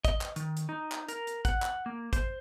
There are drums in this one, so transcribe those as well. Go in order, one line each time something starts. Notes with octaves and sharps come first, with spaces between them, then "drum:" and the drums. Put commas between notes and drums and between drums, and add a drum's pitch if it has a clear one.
D#5, drum: kick, hi-hat
drum: clap
D#3, drum: hi-hat
drum: hi-hat
D#4
drum: clap
A#4, drum: hi-hat
drum: hi-hat
F#5, drum: kick, hi-hat
drum: clap
A#3
C5, drum: kick, hi-hat